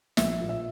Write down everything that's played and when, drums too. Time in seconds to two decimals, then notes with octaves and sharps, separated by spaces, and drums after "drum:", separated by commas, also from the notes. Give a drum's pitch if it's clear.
0.17 A#1 E5, drum: snare
0.41 A#2
0.49 E5